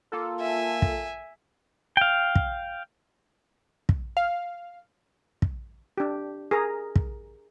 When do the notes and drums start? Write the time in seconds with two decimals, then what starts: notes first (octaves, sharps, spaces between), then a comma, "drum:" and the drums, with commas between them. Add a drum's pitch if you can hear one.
0.12 A#3 F4 A4
0.40 E5 G#5
0.82 drum: kick
1.97 F5 G5
2.35 drum: kick
3.89 drum: kick
4.17 F5
5.42 drum: kick
5.98 D4 G4
6.51 G#4 A#4 A#5
6.96 drum: kick